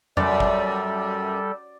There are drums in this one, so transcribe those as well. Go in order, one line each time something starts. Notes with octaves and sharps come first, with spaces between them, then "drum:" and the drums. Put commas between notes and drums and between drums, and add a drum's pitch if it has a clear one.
F#2 G3 A4 D5, drum: tom E2
drum: kick